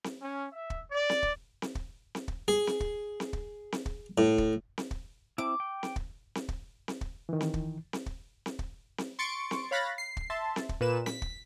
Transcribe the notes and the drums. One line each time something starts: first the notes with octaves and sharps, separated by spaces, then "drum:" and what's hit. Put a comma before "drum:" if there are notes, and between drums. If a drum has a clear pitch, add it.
drum: snare C4
C#4
E5
drum: kick
D5
drum: snare C4
drum: kick
drum: snare C4
drum: kick
drum: snare C4
drum: kick
G#4
drum: snare C4
drum: kick
drum: snare C4
drum: kick
drum: snare C4
drum: kick
A2
drum: kick
drum: snare C4
drum: kick
C4 E4 D6
G5
drum: snare C4
drum: kick
drum: snare C4
drum: kick
drum: snare C4
drum: kick
D#3 E3
drum: snare C4
drum: kick
drum: snare C4
drum: kick
drum: snare C4
drum: kick
drum: snare C4
C6 C#6 A6 C#7 D7
drum: snare C4
C#5 F5 B5 F#6 A6 A#6
C7
drum: kick
E5 A5 C6
drum: snare C4
drum: kick
A#2 B4 E7
B6, drum: snare C4
drum: kick